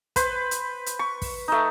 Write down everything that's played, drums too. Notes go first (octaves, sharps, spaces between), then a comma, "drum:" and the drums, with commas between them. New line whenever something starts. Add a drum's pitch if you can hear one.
B4 C5, drum: kick, hi-hat
drum: hi-hat
drum: hi-hat
C#6
drum: kick, open hi-hat
A3 D#4